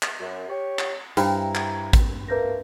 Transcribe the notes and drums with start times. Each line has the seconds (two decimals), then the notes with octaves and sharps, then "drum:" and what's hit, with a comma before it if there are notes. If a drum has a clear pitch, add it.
0.03 drum: clap
0.20 F#2
0.48 G4 C#5
0.79 drum: clap
1.17 G2 E4 C5 G5 G#5 A#5, drum: hi-hat
1.55 drum: clap
1.93 drum: kick, hi-hat
2.28 A3 A#3 B4 G6 A#6